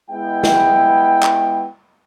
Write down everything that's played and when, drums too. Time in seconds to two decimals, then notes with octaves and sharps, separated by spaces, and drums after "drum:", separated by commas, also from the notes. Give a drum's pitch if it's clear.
0.11 G#3 B3 E4 G5
0.43 drum: snare
1.23 drum: clap